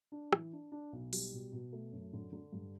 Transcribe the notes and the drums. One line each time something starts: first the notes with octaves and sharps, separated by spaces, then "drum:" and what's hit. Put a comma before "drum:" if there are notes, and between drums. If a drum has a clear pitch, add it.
D4
E3, drum: rim click
D4
D4
B1
G3, drum: open hi-hat
B2
B2
A3
F#2
D3
D3
G2